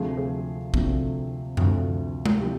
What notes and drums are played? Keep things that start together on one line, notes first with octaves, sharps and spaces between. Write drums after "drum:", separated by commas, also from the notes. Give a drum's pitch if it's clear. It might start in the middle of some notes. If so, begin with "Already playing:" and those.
Already playing: D2 C3 F3 A3 G#4
G#4
D2 C3 F3 A3, drum: kick
D2 C3 F3 A3, drum: tom F#2
drum: tom G#3
C3 F3 G4